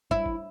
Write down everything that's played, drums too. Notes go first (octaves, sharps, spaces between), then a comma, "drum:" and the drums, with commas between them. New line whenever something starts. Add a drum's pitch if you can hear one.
E4, drum: kick
drum: kick